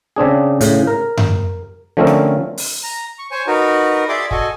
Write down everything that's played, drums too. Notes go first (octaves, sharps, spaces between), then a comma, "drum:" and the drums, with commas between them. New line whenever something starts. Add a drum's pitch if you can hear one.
C#3 C4 D4 G#4
A2 C#3, drum: hi-hat
A#4
drum: tom F#2
D3 F3 A3 C4 C#4 A#4
drum: rim click
drum: open hi-hat
A#5
C#6
C5 C#5 G#5 C#6
D#4 F#4 A#4 B4
G#4 D5 E5 C6 D6
F#4 A4 D#5 G#5, drum: kick